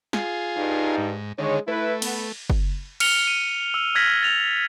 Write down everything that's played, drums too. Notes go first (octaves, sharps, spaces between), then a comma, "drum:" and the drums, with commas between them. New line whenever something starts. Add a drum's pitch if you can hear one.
F4 G#4, drum: snare
G2 D#4
G#2
D3 D#3 G#3 C#5
A3 E4 B4
B3, drum: cymbal
drum: kick F#1
F6 C#7 F7 G7, drum: cymbal
D#7
E6
F6 F#6 G#6 A#6 B6 F#7
A6 F7